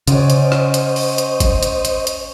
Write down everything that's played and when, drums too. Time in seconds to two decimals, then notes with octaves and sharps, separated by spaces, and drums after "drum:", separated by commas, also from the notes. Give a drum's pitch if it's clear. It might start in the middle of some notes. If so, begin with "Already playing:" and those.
0.07 C#3 C#4 F#4 C5 D5 D#5, drum: hi-hat
0.30 drum: hi-hat
0.52 drum: rim click
0.74 drum: hi-hat
0.96 drum: open hi-hat
1.18 drum: hi-hat
1.40 drum: kick G1, hi-hat
1.63 drum: hi-hat
1.85 drum: hi-hat
2.07 drum: hi-hat